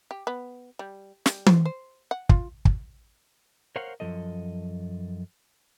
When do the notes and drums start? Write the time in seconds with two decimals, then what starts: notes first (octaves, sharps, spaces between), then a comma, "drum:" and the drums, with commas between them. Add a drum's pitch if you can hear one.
0.11 G4
0.27 B3
0.79 G3
1.26 G3, drum: snare
1.46 C5, drum: tom E3
1.65 C5
2.11 F#5
2.29 F4, drum: kick
2.65 drum: kick
3.76 A#4 C5 C#5 F5 F#5
4.00 F#2 D#3 F3 A4 D#5